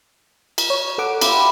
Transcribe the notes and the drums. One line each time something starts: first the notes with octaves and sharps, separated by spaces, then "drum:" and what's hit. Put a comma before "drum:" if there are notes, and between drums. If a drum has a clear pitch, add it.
drum: cymbal
C#5
A4 F#5 D6
E4 F4 G4, drum: cymbal